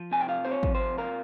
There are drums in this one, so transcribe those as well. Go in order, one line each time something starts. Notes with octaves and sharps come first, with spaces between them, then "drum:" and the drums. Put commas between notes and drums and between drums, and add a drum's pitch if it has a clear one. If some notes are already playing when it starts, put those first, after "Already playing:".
Already playing: F3
C3 G#5
G5
F4 F5
C4 C5
C#5
F3, drum: kick
C5
C3
F4 A#4